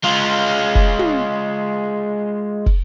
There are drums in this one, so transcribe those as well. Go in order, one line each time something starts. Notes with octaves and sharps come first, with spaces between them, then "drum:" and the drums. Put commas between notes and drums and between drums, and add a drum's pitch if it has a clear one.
G#3 F4
drum: kick
drum: tom
drum: kick